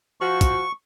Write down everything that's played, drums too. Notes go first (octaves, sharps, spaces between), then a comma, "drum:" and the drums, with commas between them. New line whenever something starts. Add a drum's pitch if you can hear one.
F3 F#4 C#6
drum: kick, hi-hat